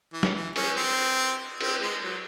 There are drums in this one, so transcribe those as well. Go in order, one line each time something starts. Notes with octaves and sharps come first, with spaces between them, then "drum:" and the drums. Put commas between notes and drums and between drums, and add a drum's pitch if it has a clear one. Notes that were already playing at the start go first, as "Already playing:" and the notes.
E3
drum: snare
E3
C#4, drum: cymbal
C4
C4, drum: cymbal
G#3
F#3